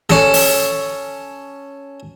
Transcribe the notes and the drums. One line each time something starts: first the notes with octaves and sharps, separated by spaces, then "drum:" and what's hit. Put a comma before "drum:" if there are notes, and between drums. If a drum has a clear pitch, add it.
C#4 A4, drum: snare
drum: open hi-hat